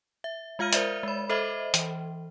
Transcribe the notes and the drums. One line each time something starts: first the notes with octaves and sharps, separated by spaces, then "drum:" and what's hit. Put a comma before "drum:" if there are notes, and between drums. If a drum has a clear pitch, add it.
E5
G#3 F4 F5 F6 D#7
A#4 C5 D5 E5, drum: hi-hat
G#3 B5
A4 C5 D#5 E5 B5
E3, drum: hi-hat